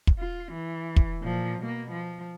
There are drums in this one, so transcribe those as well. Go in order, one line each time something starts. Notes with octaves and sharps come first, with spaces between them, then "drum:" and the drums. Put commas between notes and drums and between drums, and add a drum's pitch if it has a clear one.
drum: kick
F4
E3
drum: kick
A#2 F3
B2 A#3
F3